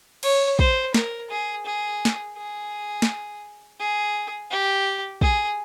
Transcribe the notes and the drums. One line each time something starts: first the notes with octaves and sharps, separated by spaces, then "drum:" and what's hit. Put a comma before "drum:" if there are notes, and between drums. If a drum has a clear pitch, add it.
C#5, drum: cymbal
C5, drum: kick
A#4, drum: snare
G#4
G#4
drum: snare
G#4
drum: snare
G#4
G4
G#4, drum: kick